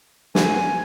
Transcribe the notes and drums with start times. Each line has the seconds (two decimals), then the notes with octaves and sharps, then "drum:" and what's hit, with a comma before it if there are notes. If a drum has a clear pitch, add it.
0.35 G#5, drum: snare